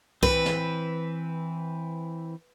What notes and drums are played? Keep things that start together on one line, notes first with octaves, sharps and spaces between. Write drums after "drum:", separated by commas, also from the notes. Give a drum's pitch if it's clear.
E3 C4 B4, drum: kick C2
drum: snare